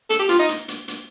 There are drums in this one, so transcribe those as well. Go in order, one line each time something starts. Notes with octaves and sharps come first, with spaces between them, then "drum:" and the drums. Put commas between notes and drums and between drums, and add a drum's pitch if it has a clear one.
A4, drum: hi-hat
G4
F4, drum: hi-hat
D#4
drum: hi-hat
drum: hi-hat
drum: hi-hat